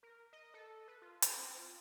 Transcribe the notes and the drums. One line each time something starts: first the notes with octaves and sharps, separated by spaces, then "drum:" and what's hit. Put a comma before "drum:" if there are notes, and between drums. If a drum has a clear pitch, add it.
A#4
D#5
A4
B4
F4
A4, drum: hi-hat
C4
F4